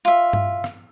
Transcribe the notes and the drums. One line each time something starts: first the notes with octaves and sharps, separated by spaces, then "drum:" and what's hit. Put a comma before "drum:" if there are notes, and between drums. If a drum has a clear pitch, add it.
F4 E5
drum: tom G2
drum: rim click